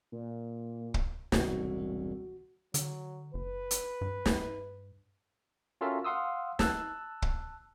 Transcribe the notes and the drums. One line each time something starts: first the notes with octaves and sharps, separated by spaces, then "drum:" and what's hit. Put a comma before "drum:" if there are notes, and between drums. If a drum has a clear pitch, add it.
A#2
drum: kick
E1 C2 A2 F#4, drum: snare
D3 F#3, drum: hi-hat
F#1 B4
drum: hi-hat
G2
drum: snare
C#4 F4 F#4 A4 A#4 E5
F5 F#5 C6 D#6 E6
A5 E6 F#6, drum: snare
drum: kick